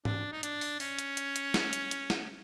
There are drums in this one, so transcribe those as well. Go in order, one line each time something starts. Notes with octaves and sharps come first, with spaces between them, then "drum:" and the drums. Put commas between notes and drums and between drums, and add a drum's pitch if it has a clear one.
D4, drum: tom G#2
D#4
D4, drum: hi-hat
drum: open hi-hat
C#4, drum: open hi-hat
drum: hi-hat
drum: hi-hat
drum: hi-hat
drum: snare
drum: hi-hat
drum: hi-hat
drum: snare